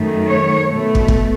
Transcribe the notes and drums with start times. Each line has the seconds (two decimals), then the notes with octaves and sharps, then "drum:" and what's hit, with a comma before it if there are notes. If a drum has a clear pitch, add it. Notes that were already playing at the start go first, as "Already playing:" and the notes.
Already playing: F#2 D#3 A3
0.27 C#5
0.68 B2 A3
0.95 drum: kick
1.08 drum: kick